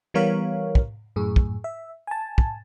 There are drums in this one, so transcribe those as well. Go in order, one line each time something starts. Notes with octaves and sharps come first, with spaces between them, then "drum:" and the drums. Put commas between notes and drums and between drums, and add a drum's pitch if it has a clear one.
E3 G3 B3 A#4 C#5 F5
drum: kick
F#2 A2 G#4
drum: kick
E5
G#5 A5
drum: kick